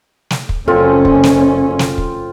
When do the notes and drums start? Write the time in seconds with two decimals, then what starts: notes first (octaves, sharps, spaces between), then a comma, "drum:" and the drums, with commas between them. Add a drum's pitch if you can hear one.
0.30 drum: snare
0.49 drum: kick
0.68 F#1 C4 C#4 F4 A4
1.05 drum: kick
1.23 drum: snare
1.79 drum: snare
1.98 drum: kick